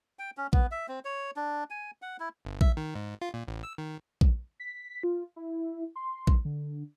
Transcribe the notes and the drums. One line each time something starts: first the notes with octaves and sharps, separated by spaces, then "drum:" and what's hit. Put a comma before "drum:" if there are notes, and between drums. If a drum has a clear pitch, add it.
G5
C#4
B3, drum: kick A#1
E5
C4
C#5
D4
G#5
F#5
E4
G1
E5, drum: kick A#1
D#3
G#2
F4
A#2
A1
E6
D#3
drum: kick A#1
B6
F4
E4
C6
drum: kick A#1
D3